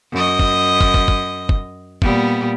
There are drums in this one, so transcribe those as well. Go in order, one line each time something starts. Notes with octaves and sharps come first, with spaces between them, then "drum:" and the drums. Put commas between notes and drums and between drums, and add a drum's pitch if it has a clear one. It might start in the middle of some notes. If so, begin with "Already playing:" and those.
F#2 D#5
drum: kick
drum: kick
drum: kick
drum: kick
drum: kick
A#2 G3 B3, drum: kick